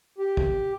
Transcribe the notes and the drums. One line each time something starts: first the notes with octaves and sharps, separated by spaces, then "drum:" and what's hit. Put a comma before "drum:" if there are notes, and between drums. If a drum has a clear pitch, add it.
G4
drum: kick